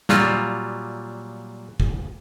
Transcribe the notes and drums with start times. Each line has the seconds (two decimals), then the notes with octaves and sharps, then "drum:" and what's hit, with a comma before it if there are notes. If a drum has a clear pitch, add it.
0.09 A#2 F#3 G3 F4, drum: snare
1.80 drum: kick